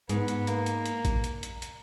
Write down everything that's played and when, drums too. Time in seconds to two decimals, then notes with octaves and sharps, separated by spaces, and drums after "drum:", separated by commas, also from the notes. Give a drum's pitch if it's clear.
0.09 G#2 B3, drum: hi-hat
0.28 drum: hi-hat
0.47 A#3, drum: hi-hat
0.66 drum: hi-hat
0.86 drum: hi-hat
1.05 drum: kick, hi-hat
1.24 drum: hi-hat
1.43 drum: hi-hat
1.62 drum: hi-hat